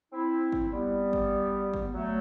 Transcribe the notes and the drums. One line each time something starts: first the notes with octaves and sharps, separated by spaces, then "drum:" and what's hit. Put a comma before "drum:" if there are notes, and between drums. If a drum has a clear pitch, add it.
C4 E4
drum: kick G1
G3 B3
drum: kick G1
drum: kick G1
F#3 A3